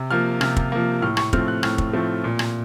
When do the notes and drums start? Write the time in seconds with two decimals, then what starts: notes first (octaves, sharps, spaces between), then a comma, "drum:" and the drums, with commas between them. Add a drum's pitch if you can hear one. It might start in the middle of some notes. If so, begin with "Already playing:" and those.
Already playing: C3
0.11 F3 A#3 F6
0.41 C3 F6, drum: rim click
0.57 drum: kick
0.72 F3 A#3
1.02 A2 F6
1.17 C#6, drum: rim click
1.33 F3 A3 C4 F6, drum: kick
1.48 F#6
1.63 A2 F6, drum: rim click
1.78 drum: kick
1.93 F3 A3 C4
2.24 A#2
2.39 drum: rim click